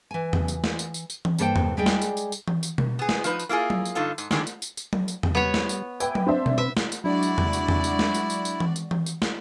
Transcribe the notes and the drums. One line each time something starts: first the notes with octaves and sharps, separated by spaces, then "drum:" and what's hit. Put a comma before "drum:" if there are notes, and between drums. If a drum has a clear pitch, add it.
E3 G#5
drum: tom
drum: tambourine
drum: snare
drum: tambourine
drum: tambourine
drum: tambourine
drum: tom E3
G2 A#3 A4 B4 C5 G5, drum: tambourine
drum: tom
G3 G#3 G4 G#4 D5 G5
drum: snare
drum: tambourine
drum: tambourine
drum: tambourine
drum: tom E3
drum: tambourine
drum: tom B2
B3 G#4
drum: snare
F3 D#4 B4, drum: tambourine
drum: tambourine
A#3 E4 F4 G#4
drum: tom F#3
drum: tambourine
G2 D3 D#4 F4 A4
G#2, drum: tambourine
D3 D#3 G#3 D4, drum: snare
drum: tambourine
drum: tambourine
drum: tambourine
drum: tom F#3
drum: tambourine
drum: tom
G3 B3 C#5
drum: snare
drum: tambourine
B4 E5 G5 G#5 D6, drum: tambourine
drum: tom F#3
C4 D4 C5 E5
drum: tom B2
B4 E5
drum: snare
drum: tambourine
F#3 G#3 D4 E4 F#4 D5
drum: tambourine
drum: tom
drum: tambourine
drum: tom
drum: tambourine
drum: snare
drum: tambourine
drum: tambourine
drum: tambourine
drum: tom E3
drum: tambourine
drum: tom E3
drum: tambourine
drum: snare